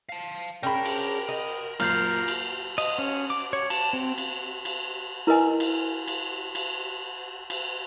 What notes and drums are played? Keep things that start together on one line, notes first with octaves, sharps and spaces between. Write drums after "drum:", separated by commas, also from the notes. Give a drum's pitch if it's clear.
F5 A5
C#4 D4 G#4 A#4 G5 B5
drum: cymbal
D#5
F#2 A#2 F4 F6 G6 C7, drum: cymbal
drum: cymbal
D#5, drum: cymbal
C#4
D6
C#5
A5, drum: cymbal
C4
drum: cymbal
drum: cymbal
E4 A#4 B4 D#5 G#5
drum: cymbal
drum: cymbal
drum: cymbal
drum: cymbal